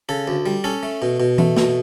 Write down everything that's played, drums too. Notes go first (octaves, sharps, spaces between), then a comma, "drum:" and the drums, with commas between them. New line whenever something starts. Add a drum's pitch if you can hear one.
C#3 A4
D2
G3
C#4 A4
A3
B2
B2
A3, drum: tom E3
B2, drum: snare A#3